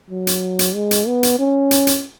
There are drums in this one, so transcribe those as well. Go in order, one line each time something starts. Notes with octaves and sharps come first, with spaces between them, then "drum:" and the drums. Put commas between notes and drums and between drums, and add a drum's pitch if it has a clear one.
F#3
drum: hi-hat
drum: hi-hat
G#3
drum: hi-hat
B3
drum: hi-hat
C#4
drum: hi-hat
drum: hi-hat